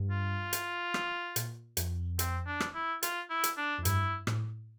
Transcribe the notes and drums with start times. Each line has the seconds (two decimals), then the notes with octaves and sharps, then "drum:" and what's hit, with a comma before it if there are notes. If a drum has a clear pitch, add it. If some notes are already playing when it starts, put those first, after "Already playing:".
Already playing: G2
0.10 F4
0.53 drum: hi-hat
0.94 drum: rim click
1.36 A#2, drum: hi-hat
1.77 F2, drum: hi-hat
2.19 C4, drum: hi-hat
2.47 D4
2.60 drum: rim click
2.75 E4
3.03 F4, drum: hi-hat
3.30 E4
3.44 drum: hi-hat
3.58 D4
3.78 F2
3.85 G2 E4, drum: hi-hat
4.27 A2, drum: rim click